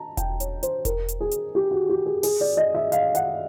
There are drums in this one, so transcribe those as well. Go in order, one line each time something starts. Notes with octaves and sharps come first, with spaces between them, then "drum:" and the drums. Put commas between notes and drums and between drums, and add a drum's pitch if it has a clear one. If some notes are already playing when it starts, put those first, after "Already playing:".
Already playing: A5 A#5
G5, drum: kick E1, hi-hat
C#5, drum: hi-hat
C5, drum: hi-hat
A#4, drum: kick E1, hi-hat
drum: hi-hat
G#4
drum: hi-hat
G4
F#4
G4
G#4
G#4, drum: open hi-hat
D5
D#5
E5
F5, drum: hi-hat
F#5, drum: hi-hat